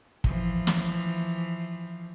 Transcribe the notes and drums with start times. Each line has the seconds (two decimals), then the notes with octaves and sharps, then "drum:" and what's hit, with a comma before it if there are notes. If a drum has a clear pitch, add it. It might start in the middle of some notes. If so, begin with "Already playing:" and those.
0.24 E3 F3, drum: kick
0.67 drum: snare